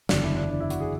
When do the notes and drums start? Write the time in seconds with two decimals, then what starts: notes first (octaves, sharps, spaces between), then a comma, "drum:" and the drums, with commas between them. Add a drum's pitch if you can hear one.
0.09 F#1 E2 D3 D4, drum: snare
0.23 E4
0.37 D4
0.50 D4
0.60 E4
0.70 F#4, drum: hi-hat
0.80 G#4